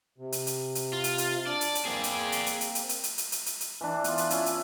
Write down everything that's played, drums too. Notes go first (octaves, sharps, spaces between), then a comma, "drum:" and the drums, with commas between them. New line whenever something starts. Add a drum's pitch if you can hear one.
C3
drum: hi-hat
drum: hi-hat
drum: hi-hat
F4
drum: hi-hat
drum: hi-hat
D4 D5
drum: hi-hat
drum: hi-hat
A#3 C4 G#4 D5
drum: hi-hat
drum: hi-hat
drum: hi-hat
drum: hi-hat
drum: hi-hat
drum: hi-hat
drum: hi-hat
drum: hi-hat
drum: hi-hat
drum: hi-hat
drum: hi-hat
E3 D4
B3 F4, drum: hi-hat
drum: hi-hat
C#4 E4, drum: hi-hat
drum: hi-hat